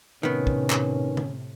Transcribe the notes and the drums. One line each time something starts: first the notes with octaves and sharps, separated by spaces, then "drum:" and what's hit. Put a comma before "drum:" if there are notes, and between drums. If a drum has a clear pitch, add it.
A2 C3 D#3 B3 C#4
drum: kick
drum: clap
drum: tom D3